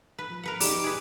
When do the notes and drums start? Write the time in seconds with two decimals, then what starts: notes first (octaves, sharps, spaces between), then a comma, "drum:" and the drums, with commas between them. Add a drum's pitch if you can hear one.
0.19 B4
0.30 F3
0.43 A#4 B4 F#5
0.60 D#4 G4 D5 D6, drum: open hi-hat
0.84 G#4 B4